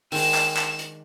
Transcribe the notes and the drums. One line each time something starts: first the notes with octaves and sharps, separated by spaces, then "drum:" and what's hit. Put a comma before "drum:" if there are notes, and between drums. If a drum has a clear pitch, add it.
D#3 G#3 D4 E7, drum: open hi-hat
drum: clap
drum: clap
drum: hi-hat